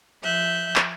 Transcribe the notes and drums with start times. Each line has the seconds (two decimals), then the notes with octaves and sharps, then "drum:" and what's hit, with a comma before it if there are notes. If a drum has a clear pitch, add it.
0.22 F3 E5 F#6 G6
0.76 drum: clap